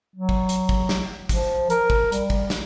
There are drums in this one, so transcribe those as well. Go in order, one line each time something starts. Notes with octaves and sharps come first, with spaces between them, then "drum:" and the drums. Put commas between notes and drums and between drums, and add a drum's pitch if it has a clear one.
F#3
drum: kick
drum: hi-hat
drum: kick
drum: snare
F3, drum: kick, hi-hat
A#4, drum: hi-hat
drum: kick
G3, drum: hi-hat
drum: kick
drum: snare